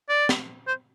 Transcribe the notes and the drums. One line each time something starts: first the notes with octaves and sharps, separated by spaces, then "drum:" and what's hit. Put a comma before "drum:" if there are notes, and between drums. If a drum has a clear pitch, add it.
D5
drum: snare
C5